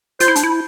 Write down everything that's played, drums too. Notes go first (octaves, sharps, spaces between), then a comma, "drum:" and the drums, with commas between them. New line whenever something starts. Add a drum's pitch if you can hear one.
F4 C5, drum: hi-hat
E4
D4, drum: hi-hat
E4